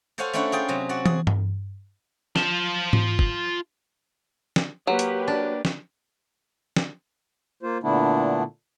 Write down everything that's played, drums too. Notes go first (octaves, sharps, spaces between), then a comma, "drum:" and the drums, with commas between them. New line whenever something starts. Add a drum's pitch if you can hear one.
A4 C5 C#5 F5 F#5 G#5
A3 C#4 D4 E4 C#5 F#5
F4 G#4 G5
C3 F#3
F#4 D5 F#5
G#4, drum: tom
drum: tom G2
F4 A5, drum: snare
drum: tom G#2
drum: kick
drum: snare
F#3 A#3 G4 B4
drum: hi-hat
D4
drum: snare
drum: snare
A#3 F4 C5
A#2 D3 A3 B3 D4 E4